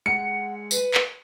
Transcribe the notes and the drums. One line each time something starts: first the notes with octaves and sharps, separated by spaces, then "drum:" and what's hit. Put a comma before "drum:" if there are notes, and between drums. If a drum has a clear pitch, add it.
G#3 F#5 C#7
B4, drum: tambourine
drum: clap